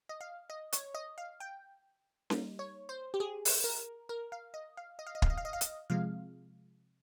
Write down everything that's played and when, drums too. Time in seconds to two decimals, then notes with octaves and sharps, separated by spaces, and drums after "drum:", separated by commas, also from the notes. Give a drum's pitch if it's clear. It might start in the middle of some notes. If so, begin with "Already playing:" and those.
0.09 D#5
0.21 F5
0.50 D#5
0.73 C#5, drum: hi-hat
0.95 D#5
1.18 F5
1.40 G5
2.30 G3 A#3 D#4, drum: snare C#4
2.59 C#5
2.89 C5
3.14 G4
3.20 G#4
3.45 drum: open hi-hat
3.64 A#4
4.09 A#4
4.32 F5
4.54 D#5
4.77 F5
4.99 D#5
5.07 F5
5.15 D#5
5.22 F5, drum: kick
5.30 D#5
5.37 F5
5.45 D#5
5.53 F5
5.61 D#5, drum: hi-hat
5.90 C3 F3 G#3 F5